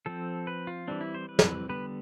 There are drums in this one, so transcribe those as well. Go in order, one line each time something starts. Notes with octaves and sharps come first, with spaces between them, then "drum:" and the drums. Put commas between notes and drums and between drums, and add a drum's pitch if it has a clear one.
F3 C4 A4
B4
F4
E3 G3 C4 D4
E4
C5
B4
drum: snare
D3 G3 B3 B4